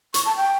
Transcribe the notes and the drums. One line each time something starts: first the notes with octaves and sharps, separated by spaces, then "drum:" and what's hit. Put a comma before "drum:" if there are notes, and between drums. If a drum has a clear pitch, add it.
C#6, drum: hi-hat
A5
G5